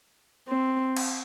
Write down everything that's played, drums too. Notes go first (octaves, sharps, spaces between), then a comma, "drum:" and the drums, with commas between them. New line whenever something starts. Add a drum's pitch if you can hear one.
C4
drum: cymbal